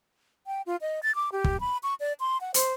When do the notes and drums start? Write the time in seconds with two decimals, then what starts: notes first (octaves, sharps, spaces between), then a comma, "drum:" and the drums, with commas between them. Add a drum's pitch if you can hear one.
0.47 G5
0.66 F4
0.81 D#5
1.03 A6
1.15 D6
1.32 G4
1.44 drum: kick
1.60 B5
1.83 C#6
2.00 D5
2.20 C6
2.41 F#5
2.54 C5, drum: hi-hat